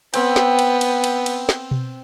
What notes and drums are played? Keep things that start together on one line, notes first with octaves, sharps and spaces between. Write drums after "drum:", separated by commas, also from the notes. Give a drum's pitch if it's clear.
B3 C4 G5, drum: cymbal
drum: snare
drum: cymbal
drum: cymbal
drum: cymbal
drum: cymbal
drum: snare
drum: tom B2